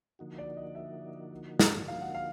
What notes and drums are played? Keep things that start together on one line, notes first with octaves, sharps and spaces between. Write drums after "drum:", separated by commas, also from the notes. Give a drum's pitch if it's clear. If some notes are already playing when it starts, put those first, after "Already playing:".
D3 F3 A#3 D#4 F#4
D5
D#5
E5
drum: snare
F5
F#5
F5